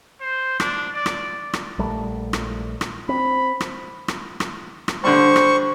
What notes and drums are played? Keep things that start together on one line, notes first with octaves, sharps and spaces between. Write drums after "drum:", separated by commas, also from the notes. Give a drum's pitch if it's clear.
C5
D4, drum: rim click
D5
drum: rim click
drum: rim click
A#1 G3 A3
drum: rim click
drum: rim click
C4 B5
drum: rim click
drum: rim click
drum: rim click
drum: rim click
D3 G3 C5 C#6
drum: rim click